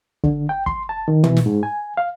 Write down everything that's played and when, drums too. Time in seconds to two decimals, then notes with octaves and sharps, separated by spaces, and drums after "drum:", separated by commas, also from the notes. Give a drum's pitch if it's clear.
0.24 D3, drum: kick
0.49 G5
0.66 C6, drum: kick
0.89 A5
1.08 D#3
1.24 E3, drum: tom
1.37 drum: snare
1.46 G#2
1.63 G#5
1.97 F5